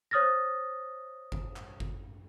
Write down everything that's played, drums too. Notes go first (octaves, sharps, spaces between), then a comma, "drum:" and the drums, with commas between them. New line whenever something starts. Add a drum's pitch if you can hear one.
C5 C#5 D#6 F6 A6 A#6
drum: kick G1
drum: clap
drum: kick G1